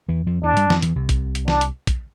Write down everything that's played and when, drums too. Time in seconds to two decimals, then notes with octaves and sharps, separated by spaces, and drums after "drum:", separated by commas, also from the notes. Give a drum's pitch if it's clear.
0.08 E2 E3
0.27 F2 F3
0.43 E2 E3 D4
0.57 G2 G3, drum: hi-hat
0.70 F2 F3, drum: snare
0.82 E2 E3, drum: hi-hat
0.95 C2 C3
1.09 drum: kick, hi-hat
1.35 drum: hi-hat
1.48 D4, drum: snare
1.61 drum: hi-hat
1.87 drum: kick, hi-hat